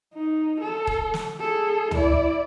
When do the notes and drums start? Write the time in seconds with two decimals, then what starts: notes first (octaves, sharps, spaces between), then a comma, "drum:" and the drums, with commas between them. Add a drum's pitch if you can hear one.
0.14 D#4
0.60 A4
0.87 drum: kick D#1
1.14 drum: snare
1.40 G#4 A4
1.91 E4 D5, drum: tom